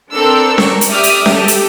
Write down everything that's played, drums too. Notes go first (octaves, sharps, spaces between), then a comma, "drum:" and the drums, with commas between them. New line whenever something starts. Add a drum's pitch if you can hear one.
C4 D4 A4 A#4 E6
A#4 C#6, drum: snare C#4
drum: hi-hat
G4 D5 E5 D6 D#6 F6
drum: hi-hat
G4 A4, drum: snare C#4
drum: hi-hat